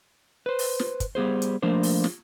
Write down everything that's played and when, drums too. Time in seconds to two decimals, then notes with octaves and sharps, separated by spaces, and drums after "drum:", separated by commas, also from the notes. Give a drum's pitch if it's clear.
0.46 B4 C5
0.59 drum: open hi-hat
0.79 drum: snare
1.00 drum: kick, hi-hat
1.15 G3 B3 G#4 C5
1.42 drum: hi-hat
1.62 F3 A3 A#3 D4 C5
1.83 drum: open hi-hat
2.04 drum: snare